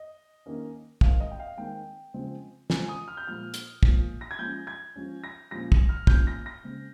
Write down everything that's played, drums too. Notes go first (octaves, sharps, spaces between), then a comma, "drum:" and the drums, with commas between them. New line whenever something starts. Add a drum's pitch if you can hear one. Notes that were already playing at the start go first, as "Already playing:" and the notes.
Already playing: D#5
D#3 A#3 C#4
D#3 G#3 C4 F5, drum: kick
D#5
G5
F5
D#3 G#3 C4 G5
C#3 F3 G#3 C4
C#3 F3 G#3 C4 G#5, drum: snare
D#6
F6
G6
A#2 F3 G#3 F6
drum: hi-hat
A#2 F3 G#3, drum: kick
A#6
G#6
F3 G#3 C#4 G6
G#6
F3 G#3 C#4
A#6
A#2 F3 G#3 C#4 A#6
drum: kick
F6
A#2 F3 G#3 C#4 G6, drum: kick
A#6
A#6
C#3 G#3 C4